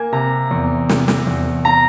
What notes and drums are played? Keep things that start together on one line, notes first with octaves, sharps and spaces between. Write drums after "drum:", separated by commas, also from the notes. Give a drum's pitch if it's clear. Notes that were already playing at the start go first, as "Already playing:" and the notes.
Already playing: A#3 G#5
C3 A#5
E2
C3, drum: snare
drum: snare
E2
A#5